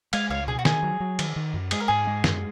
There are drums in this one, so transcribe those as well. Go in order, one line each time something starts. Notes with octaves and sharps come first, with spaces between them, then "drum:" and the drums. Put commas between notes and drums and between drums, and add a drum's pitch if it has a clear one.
G#3 F5 G#5, drum: cymbal
C#2 C#5 F5
B2 G#4
F#4
D#3 G#4, drum: snare
F#3
F#3
D#3, drum: cymbal
D#3
F#2
G#3 G#4, drum: cymbal
A#4
G#2 G#4
G#3
F#2, drum: snare